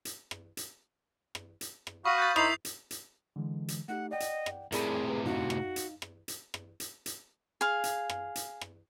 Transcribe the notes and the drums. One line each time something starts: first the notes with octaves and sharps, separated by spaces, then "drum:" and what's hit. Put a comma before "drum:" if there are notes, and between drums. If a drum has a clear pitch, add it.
drum: hi-hat
drum: rim click
drum: hi-hat
drum: rim click
drum: hi-hat
drum: rim click
F#4 F5 B5 C#6 D#6
G6 A6
D#4 E4 A#4 C5 B5 D#6 C7 F7, drum: rim click
drum: hi-hat
drum: hi-hat
D3 E3 G#3
drum: hi-hat
A3 D#4 G4 F#5
D5 D#5 F#5 G5
drum: hi-hat
drum: rim click
A2 C3 G#4 A#4 D5 B5, drum: hi-hat
G4 B4
D#4 F#4 F5, drum: tom F#2
drum: rim click
drum: hi-hat
drum: rim click
drum: hi-hat
drum: rim click
drum: hi-hat
drum: hi-hat
G#4 F5
drum: hi-hat
drum: rim click
drum: hi-hat
drum: rim click